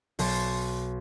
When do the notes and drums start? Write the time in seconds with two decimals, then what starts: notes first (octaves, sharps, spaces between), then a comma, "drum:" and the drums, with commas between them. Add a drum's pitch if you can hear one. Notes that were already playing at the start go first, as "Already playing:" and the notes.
0.19 B1 C6 A6, drum: open hi-hat